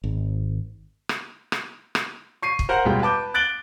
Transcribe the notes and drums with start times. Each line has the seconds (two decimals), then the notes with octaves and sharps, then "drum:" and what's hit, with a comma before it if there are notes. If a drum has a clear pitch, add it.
0.04 G#1
1.09 drum: rim click
1.52 drum: rim click
1.95 drum: rim click
2.42 C#6 C7 D#7
2.59 drum: kick
2.69 A#4 C5 F#5 A#5
2.85 E1 G3 G#3 F4 G5
3.02 B4 A5 D6 G6
3.34 F#6 A6 D7 F#7 G7